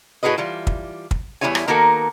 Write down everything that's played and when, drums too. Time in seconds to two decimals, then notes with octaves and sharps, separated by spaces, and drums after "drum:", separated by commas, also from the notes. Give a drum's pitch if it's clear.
0.23 A2 F#4 G#4 B4 D#5
0.38 E3 G3 F4
0.67 drum: kick
1.11 drum: kick
1.41 E2 G2 G3 E4 C#5 G#5
1.55 drum: rim click
1.67 D#3 A#3 B3 F#4 A4 A#4